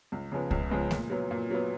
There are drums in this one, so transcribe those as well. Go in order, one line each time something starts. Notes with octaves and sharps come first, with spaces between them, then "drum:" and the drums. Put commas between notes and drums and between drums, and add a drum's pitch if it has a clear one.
C#2
C#3 F3 G#3 B3
C#2, drum: kick C2
C#3 F3 G#3 B3
A#2, drum: snare A3
F#3 B3
A#2
F#3 B3